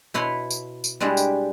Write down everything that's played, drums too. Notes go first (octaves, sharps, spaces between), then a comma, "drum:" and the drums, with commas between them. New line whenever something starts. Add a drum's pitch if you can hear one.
B2 E4 B4 C#5 C6
drum: tambourine
drum: tambourine
G3 G#3 D4 E4 F#4 G4
drum: tambourine